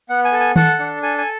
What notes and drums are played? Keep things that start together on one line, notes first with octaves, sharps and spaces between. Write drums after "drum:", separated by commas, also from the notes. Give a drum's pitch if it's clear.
B3 F#5
G#5
A4
G#5
A4 F#5, drum: tom D#3
D4
A4 G#5
G#5